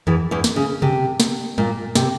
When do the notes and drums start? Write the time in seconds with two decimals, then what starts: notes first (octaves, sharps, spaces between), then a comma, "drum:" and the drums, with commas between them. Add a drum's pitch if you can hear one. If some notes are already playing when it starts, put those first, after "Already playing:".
0.07 E2 E3, drum: tom E2
0.31 E2 E3
0.44 drum: snare
0.56 C#3
0.82 C3, drum: tom C3
1.20 drum: snare
1.58 A#2, drum: tom
1.95 C3, drum: snare